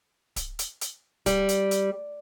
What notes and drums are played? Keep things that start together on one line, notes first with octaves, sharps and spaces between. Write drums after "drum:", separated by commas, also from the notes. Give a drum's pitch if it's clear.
drum: kick D1, hi-hat
drum: hi-hat
drum: hi-hat
G3, drum: kick D1, hi-hat
drum: hi-hat
drum: hi-hat